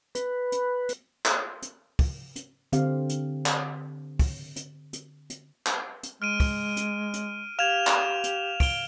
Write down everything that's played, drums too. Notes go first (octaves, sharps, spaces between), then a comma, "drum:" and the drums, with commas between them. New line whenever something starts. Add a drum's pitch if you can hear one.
B4, drum: hi-hat
drum: hi-hat
drum: hi-hat
drum: clap
drum: hi-hat
drum: kick, open hi-hat
drum: hi-hat
D3 C4 G4 F5, drum: hi-hat
drum: hi-hat
drum: clap
drum: kick, open hi-hat
drum: hi-hat
drum: hi-hat
drum: hi-hat
drum: clap
drum: hi-hat
G#3 F6 D7 D#7
drum: kick, open hi-hat
drum: hi-hat
drum: hi-hat
G4 F5 F6 G#6 E7 F7
drum: clap
drum: hi-hat
D7 G7, drum: kick, open hi-hat